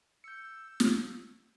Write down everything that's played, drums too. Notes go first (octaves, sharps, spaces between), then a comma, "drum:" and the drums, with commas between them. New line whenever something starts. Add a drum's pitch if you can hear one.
E6 G6 C#7
drum: snare